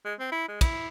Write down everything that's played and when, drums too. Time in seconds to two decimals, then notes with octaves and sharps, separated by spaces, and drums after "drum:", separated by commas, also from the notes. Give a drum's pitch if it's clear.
0.05 G#3
0.19 C4
0.32 E4
0.48 G#3
0.61 E4, drum: kick, cymbal